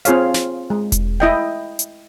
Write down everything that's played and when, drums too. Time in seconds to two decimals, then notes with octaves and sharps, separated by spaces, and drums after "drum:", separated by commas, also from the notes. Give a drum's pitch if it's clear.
0.05 C4 F4 G#4 C#5 F5, drum: hi-hat
0.34 drum: snare
0.70 G#3
0.92 drum: kick E1, hi-hat
1.20 E4 D#5 G5
1.79 drum: hi-hat